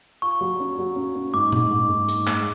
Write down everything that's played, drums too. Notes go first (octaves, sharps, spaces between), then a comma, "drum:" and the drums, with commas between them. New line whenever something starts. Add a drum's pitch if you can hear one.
F4 C#6
F#3
C#4
F#3
C#4
C#4
G#2 D6
G#2, drum: tom A#2
G#2
G#2
G#2, drum: hi-hat
G#3, drum: clap